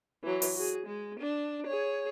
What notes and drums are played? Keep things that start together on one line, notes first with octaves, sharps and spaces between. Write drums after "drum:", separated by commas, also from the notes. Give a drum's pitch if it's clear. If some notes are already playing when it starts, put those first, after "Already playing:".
E3 F#3
drum: open hi-hat
F#4 G#4
G#3
D4
G#4 C#5